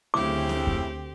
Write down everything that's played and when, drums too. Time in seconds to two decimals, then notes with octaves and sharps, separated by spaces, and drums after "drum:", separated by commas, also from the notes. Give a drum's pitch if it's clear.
0.14 D2 C#3 C4 E4 G4 D6
0.49 drum: snare
0.67 drum: kick F2